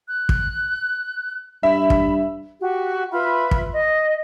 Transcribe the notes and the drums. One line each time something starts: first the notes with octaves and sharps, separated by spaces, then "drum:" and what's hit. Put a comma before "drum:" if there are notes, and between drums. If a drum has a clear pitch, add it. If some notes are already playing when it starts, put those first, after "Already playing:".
F#6
drum: kick
G2 E5 B5
drum: kick
F#4 G4
F4 B4 E5 B5
drum: kick
D#5